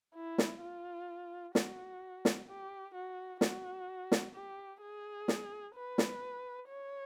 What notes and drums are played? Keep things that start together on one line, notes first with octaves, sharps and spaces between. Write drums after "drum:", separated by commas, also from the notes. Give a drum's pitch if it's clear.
E4
drum: snare
F4
F#4, drum: snare
drum: snare
G4
F#4
F#4, drum: snare
drum: snare
G4
G#4
drum: snare
B4
drum: snare
C#5